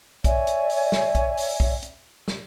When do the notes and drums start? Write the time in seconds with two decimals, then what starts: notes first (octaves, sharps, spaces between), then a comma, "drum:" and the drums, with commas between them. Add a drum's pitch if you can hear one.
0.24 C#5 D5 E5 G#5, drum: kick, hi-hat
0.47 drum: hi-hat
0.70 drum: open hi-hat
0.92 drum: snare
1.15 drum: kick, hi-hat
1.37 drum: open hi-hat
1.60 drum: kick
1.82 drum: hi-hat
2.28 drum: snare